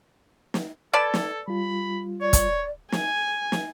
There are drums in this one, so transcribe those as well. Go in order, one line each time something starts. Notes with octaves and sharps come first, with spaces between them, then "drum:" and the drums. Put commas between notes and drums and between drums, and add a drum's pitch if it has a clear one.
drum: snare
A4 B4 D5 A5 G#6
drum: snare
G3 F4 B5
C#5 D5
drum: kick, hi-hat
G#5, drum: snare
drum: snare